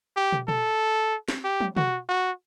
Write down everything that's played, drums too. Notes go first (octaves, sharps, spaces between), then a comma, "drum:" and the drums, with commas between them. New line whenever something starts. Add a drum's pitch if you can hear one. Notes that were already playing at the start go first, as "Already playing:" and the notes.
G4
drum: tom
A4, drum: tom
drum: snare
G4
drum: tom
F#4, drum: tom
F#4